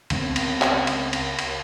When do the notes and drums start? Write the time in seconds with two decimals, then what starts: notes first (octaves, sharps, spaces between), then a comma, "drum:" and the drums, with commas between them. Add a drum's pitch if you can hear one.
0.10 C#2 C#3 B3 C4, drum: cymbal
0.36 drum: cymbal
0.62 drum: clap
0.87 drum: cymbal
1.13 drum: cymbal
1.39 drum: cymbal